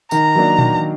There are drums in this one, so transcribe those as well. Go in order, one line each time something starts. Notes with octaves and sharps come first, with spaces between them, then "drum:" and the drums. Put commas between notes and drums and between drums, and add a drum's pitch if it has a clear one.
D#3 A#5, drum: tambourine
F#3 A#3 D4
D#3, drum: tom
drum: tom